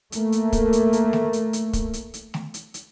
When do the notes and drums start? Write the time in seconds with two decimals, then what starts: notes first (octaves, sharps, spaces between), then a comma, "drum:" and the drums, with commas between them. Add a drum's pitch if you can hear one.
0.12 A3 A#3, drum: hi-hat
0.32 drum: hi-hat
0.53 drum: kick, hi-hat
0.73 drum: hi-hat
0.93 drum: hi-hat
1.13 drum: snare A3
1.33 drum: hi-hat
1.53 drum: hi-hat
1.73 drum: kick, hi-hat
1.93 drum: hi-hat
2.14 drum: hi-hat
2.34 drum: snare A3
2.54 drum: hi-hat
2.74 drum: hi-hat